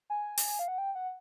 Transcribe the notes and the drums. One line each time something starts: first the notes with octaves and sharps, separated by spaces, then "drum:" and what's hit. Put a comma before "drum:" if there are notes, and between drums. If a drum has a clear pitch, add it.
G#5
drum: open hi-hat
F5
F#5
G5
F#5